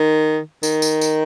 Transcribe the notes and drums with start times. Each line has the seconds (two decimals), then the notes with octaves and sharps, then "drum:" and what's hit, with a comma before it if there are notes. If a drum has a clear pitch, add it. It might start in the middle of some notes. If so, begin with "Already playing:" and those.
Already playing: D#3
0.63 D#3, drum: tambourine
0.82 drum: tambourine
1.01 drum: tambourine